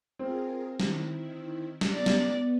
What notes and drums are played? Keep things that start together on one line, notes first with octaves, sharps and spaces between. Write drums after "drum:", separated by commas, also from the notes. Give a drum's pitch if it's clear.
C4 F4 G#4 A#4
D#3 E4, drum: snare
drum: snare
B3 D5
drum: snare